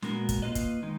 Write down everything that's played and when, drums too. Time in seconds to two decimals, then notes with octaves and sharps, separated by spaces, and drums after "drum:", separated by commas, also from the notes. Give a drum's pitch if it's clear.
0.02 A#2 G#3 B3 F#4 A#4, drum: snare
0.29 drum: kick, hi-hat
0.42 A#3 F4 B4 D#5
0.55 drum: kick, hi-hat
0.82 D#3 G#3 D#4